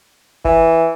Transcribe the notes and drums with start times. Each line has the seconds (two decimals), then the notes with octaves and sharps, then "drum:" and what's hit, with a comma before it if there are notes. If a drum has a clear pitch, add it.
0.45 E3, drum: kick F#1